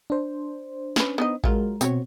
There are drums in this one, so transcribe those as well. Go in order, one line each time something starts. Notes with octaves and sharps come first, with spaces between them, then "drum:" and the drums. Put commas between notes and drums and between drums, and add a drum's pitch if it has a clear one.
D4 C5
C#4 B4, drum: snare
B3 D#4 D#5
F#3 G#3 F4 A#4, drum: kick A1
B2 C4 F#4 C#5, drum: tambourine